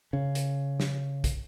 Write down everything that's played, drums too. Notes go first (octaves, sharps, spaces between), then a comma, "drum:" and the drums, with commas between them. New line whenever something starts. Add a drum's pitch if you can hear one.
C#3
drum: hi-hat
drum: snare
drum: kick, hi-hat